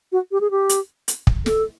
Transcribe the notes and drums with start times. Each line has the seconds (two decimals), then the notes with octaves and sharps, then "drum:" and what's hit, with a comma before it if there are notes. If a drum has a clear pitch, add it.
0.12 F#4
0.32 G4
0.41 G#4
0.51 G4
0.69 drum: hi-hat
1.08 drum: hi-hat
1.27 drum: kick
1.46 A4, drum: snare